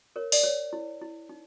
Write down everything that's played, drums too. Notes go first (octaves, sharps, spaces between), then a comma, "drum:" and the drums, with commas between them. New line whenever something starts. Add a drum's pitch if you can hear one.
A#4 C#5
D5, drum: open hi-hat
C#5
E4
E4
D#4